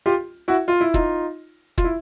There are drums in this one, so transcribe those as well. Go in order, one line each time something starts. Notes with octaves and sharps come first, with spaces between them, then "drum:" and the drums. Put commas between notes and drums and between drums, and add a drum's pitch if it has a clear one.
F4 G4
E4 F#4
F4
E4
D#4 F4, drum: kick
F4, drum: kick
E4